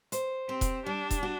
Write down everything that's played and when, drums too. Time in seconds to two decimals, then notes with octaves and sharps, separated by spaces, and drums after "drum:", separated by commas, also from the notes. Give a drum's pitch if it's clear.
0.12 C5, drum: hi-hat
0.48 C4 G4
0.61 drum: kick E1, hi-hat
0.86 G3 D4
1.11 drum: kick E1, hi-hat
1.23 F#4